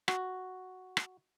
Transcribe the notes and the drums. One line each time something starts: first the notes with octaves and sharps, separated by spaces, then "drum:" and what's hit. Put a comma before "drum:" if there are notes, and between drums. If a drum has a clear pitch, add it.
F#4, drum: rim click
drum: rim click